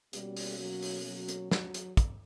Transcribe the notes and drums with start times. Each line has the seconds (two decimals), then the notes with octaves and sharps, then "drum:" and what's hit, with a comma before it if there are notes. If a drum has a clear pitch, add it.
0.13 B2 G3 A#3 C#4 F#4, drum: hi-hat
0.37 drum: open hi-hat
0.60 F#3
0.82 drum: open hi-hat
1.06 F#3
1.28 drum: hi-hat
1.51 F#3, drum: snare
1.74 drum: hi-hat
1.97 drum: kick, hi-hat